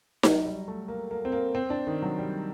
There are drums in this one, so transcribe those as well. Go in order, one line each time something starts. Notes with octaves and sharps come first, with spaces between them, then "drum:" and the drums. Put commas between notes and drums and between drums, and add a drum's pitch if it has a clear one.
F#3, drum: snare D#4
G3
A3
A#3
A#3
C4
A#3
C4
D4
D#3
F#3
G3